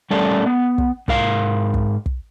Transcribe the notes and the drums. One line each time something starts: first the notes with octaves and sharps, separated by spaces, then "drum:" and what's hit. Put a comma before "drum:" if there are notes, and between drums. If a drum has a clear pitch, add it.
G3 A3 C#4 A4 A#4 D5
B3
drum: kick
G#2 A#4 F5, drum: kick
drum: kick
drum: kick